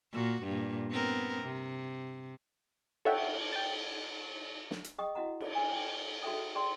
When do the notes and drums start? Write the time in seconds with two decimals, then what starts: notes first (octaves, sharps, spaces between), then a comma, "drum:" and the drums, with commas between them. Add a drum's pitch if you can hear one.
0.12 A#2 F#4
0.43 G2 A#2
0.90 B3 C4 A#4
1.43 C3
3.05 A4 C#5 E5 F#5 G5, drum: cymbal
3.52 G5 A6
4.71 drum: snare
4.84 drum: hi-hat
4.98 G#4 D#5 G5 C#6 D#6
5.15 E4 F#4 D#5 F#5 A#5
5.40 drum: cymbal
5.55 G#5
5.72 G5
6.23 F#4 G#4 A4 E5 G5 D#6
6.55 G#4 D5 G5 C6